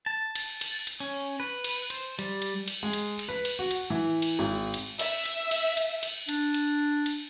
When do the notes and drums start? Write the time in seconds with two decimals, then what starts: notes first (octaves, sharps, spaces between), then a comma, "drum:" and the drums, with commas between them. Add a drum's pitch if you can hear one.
0.06 A5
0.35 drum: cymbal
0.61 drum: cymbal
0.87 drum: cymbal
1.00 C#4
1.40 B4
1.64 drum: cymbal
1.90 C5, drum: cymbal
2.19 G3, drum: cymbal
2.42 drum: cymbal
2.68 drum: cymbal
2.83 G#3
2.93 drum: cymbal
3.19 drum: cymbal
3.29 B4
3.45 drum: cymbal
3.59 F#4
3.71 drum: cymbal
3.90 E3
4.22 drum: cymbal
4.39 G#1
4.74 drum: cymbal
4.99 E5, drum: cymbal
5.25 drum: cymbal
5.51 drum: cymbal
5.77 drum: cymbal
6.03 drum: cymbal
6.29 D4, drum: cymbal
6.54 drum: cymbal
7.06 drum: cymbal